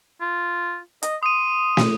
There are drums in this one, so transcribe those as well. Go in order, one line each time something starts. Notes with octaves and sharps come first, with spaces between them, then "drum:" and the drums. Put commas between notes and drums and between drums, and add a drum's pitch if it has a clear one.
F4
D#5, drum: hi-hat
C6 D#6 D#7
drum: snare